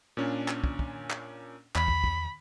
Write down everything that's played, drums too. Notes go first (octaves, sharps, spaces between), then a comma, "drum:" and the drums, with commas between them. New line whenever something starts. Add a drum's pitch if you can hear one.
A#2 C#4 D4
drum: clap
drum: kick
drum: kick
drum: clap
E2 B5, drum: clap
drum: kick
drum: kick